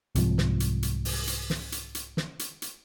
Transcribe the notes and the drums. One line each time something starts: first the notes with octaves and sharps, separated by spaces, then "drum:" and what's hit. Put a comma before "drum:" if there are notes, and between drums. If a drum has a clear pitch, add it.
C2 G#2 C3 F3, drum: hi-hat
drum: snare
drum: hi-hat
drum: hi-hat
drum: open hi-hat
drum: hi-hat
drum: snare
drum: hi-hat
drum: hi-hat
drum: snare
drum: hi-hat
drum: hi-hat